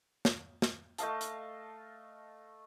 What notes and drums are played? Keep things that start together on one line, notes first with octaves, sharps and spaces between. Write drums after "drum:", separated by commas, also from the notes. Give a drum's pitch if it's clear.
drum: snare
drum: snare
A3 D#5 F5 A5, drum: hi-hat
drum: hi-hat